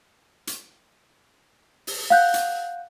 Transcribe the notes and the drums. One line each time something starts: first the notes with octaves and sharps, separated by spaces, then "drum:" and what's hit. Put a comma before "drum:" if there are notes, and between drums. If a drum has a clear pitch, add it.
drum: hi-hat
drum: open hi-hat
F5 F#5 F#6 G6
drum: hi-hat